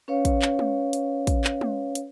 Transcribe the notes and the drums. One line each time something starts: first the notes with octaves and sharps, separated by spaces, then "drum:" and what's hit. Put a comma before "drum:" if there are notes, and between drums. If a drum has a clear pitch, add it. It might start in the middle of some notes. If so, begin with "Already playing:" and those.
C#4 B4 C#5 F5
drum: kick, hi-hat
drum: clap
drum: tom G#3
drum: hi-hat
drum: kick, hi-hat
drum: clap
drum: tom G#3
drum: hi-hat